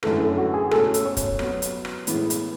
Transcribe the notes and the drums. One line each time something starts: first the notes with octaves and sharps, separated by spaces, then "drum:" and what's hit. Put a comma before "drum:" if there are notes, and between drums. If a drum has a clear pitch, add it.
F#2 D3 A3 E4 A4 B4, drum: rim click
A4
F#4
G#4
B2 A3 C#4 A4, drum: rim click
drum: hi-hat
C#5
drum: kick, hi-hat
F#3 B3 F#4, drum: rim click
drum: hi-hat
drum: rim click
A2 E3 G#3 B3 E4, drum: hi-hat
drum: hi-hat